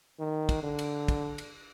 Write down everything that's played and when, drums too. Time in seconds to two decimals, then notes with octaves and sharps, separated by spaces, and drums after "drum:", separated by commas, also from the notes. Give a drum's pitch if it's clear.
0.19 D#3
0.49 drum: kick, cymbal
0.63 D3
0.79 drum: cymbal
1.08 drum: kick, cymbal
1.38 drum: cymbal